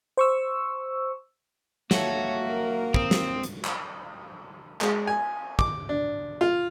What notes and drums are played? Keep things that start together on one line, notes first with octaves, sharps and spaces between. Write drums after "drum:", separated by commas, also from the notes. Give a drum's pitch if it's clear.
C5 C#6 E6
A#3 F#4 A4 C#5 E5, drum: snare
A#4
C4 D#6, drum: kick
drum: snare
drum: hi-hat
drum: clap
G#3, drum: clap
G#5
D6, drum: kick
D4
F4